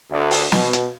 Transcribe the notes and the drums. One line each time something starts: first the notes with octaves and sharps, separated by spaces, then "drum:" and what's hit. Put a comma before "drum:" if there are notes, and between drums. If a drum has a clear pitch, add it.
D2
drum: open hi-hat
B2, drum: snare
drum: hi-hat